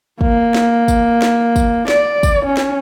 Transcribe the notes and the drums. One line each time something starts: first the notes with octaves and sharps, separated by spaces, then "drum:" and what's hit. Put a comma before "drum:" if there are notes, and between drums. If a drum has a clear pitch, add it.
A#3, drum: kick
drum: snare
drum: kick, tambourine
drum: snare
drum: kick, tambourine
D5, drum: snare
drum: kick, tambourine
C#4
drum: snare